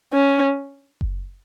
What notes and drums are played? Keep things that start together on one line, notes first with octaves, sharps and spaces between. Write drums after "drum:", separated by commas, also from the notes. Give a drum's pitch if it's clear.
C#4
drum: kick F#1